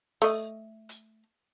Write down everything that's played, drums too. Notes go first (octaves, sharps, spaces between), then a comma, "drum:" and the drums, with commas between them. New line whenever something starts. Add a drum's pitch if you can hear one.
A3 D#5, drum: open hi-hat
drum: hi-hat